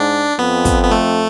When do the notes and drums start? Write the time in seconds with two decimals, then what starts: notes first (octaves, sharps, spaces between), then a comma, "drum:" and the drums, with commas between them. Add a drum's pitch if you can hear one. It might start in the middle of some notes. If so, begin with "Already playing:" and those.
Already playing: G#2 D4
0.39 F2 B3
0.65 drum: kick, hi-hat
0.83 B3
0.91 A3